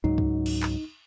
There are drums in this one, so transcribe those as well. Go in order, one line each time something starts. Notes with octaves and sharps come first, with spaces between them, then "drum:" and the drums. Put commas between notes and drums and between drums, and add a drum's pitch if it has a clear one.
C#2 G#2 F#3 D#4
drum: kick
drum: cymbal
drum: clap